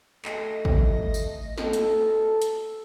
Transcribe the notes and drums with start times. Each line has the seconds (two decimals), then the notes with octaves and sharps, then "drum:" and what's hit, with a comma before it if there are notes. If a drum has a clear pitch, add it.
0.25 A3 D#5, drum: clap
0.65 drum: kick
1.14 drum: tambourine
1.58 A4, drum: snare
1.73 drum: hi-hat
2.42 drum: hi-hat